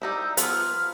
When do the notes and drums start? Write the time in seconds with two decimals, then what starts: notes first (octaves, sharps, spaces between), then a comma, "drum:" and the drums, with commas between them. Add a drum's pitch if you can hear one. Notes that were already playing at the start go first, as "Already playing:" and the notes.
0.02 G3 D#4 E4 A#5 E6 G6
0.37 F3 B3 F6, drum: hi-hat